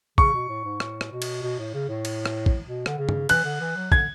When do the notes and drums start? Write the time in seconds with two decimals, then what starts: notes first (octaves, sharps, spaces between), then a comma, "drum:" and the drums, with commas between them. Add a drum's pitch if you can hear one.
0.18 C#3 C#6, drum: kick
0.33 B2
0.48 A2
0.65 G#2
0.80 A2, drum: rim click
1.01 drum: rim click
1.12 B2
1.22 drum: cymbal
1.42 B2
1.59 A2
1.74 C#3
1.89 A2
2.05 drum: cymbal
2.26 drum: rim click
2.46 drum: kick
2.67 B2
2.86 D3, drum: rim click
2.98 C#3
3.09 drum: tom
3.29 E3 F#6, drum: cymbal
3.44 D3
3.60 E3
3.76 F#3
3.92 D3 G#6, drum: kick